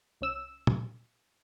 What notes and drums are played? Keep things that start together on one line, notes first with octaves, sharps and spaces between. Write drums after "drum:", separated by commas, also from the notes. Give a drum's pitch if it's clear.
C2 C#4 E6 E7
drum: tom